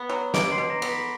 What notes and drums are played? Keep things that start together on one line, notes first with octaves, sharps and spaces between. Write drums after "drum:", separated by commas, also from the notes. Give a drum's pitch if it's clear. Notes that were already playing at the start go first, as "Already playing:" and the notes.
Already playing: B3
F#3
B2 D6 D7, drum: snare
C6 C7
B2
A#5 A#6
B3, drum: cymbal
B5 B6